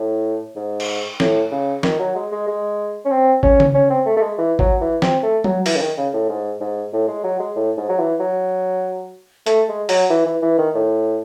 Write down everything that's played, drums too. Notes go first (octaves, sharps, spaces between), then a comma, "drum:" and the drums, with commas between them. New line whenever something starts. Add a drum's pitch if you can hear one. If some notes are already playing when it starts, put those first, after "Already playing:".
Already playing: A2
G#2
drum: cymbal
A2, drum: snare
C#3
D#3, drum: snare
F#3
G#3
G#3
G#3
C#4
C4
C#4, drum: kick G#1
drum: tom C#3
C#4
C4
A3
A3
G#3
E3
F#3, drum: kick G#1
E3
C4, drum: snare
A3
F#3, drum: tom F#3
E3, drum: open hi-hat
C#3
D#3
C#3
A2
G#2
G#2
A2
G#3
F#3
G#3
A2
G#2
F#3
E3
F#3
A3, drum: hi-hat
G#3
F#3, drum: open hi-hat
E3
E3
E3
D#3
A2